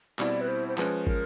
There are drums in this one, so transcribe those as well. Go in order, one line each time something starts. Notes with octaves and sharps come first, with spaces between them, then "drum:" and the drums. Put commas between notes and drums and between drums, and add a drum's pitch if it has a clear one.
B2 G3 C4 E4 D5, drum: clap
B4
C5
C5
F3 G#3 C#4 B4, drum: clap
A#4, drum: kick